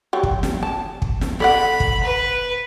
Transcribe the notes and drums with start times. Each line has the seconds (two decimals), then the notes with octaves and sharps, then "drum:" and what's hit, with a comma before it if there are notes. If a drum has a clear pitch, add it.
0.13 F#3 G3
0.23 drum: kick
0.43 drum: snare
0.63 A5
1.02 drum: kick
1.21 drum: snare
1.40 A4 D5 F#5 B5
1.80 drum: kick
2.03 B4